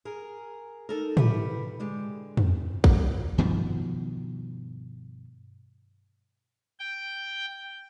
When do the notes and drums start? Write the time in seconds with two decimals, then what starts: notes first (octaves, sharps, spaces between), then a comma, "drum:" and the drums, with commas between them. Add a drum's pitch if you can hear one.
0.05 G#4 A#4
0.89 D#4 A4 A#4
1.17 E4 G4 B4 F#5, drum: tom
1.80 D3 G#3 G4
2.37 drum: tom
2.84 drum: kick A#1
3.38 G2 B2 D#3 F3
6.79 G5